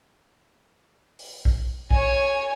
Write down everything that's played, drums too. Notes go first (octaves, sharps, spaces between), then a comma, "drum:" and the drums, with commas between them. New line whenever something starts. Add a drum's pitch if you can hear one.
drum: open hi-hat
drum: kick
C#5 G#5, drum: kick